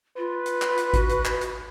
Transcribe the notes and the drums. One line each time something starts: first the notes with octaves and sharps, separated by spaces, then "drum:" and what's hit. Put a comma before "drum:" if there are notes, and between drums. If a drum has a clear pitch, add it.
F4 B4
drum: hi-hat
drum: clap
drum: hi-hat
F#4, drum: kick G#1, hi-hat
drum: hi-hat
drum: clap
drum: hi-hat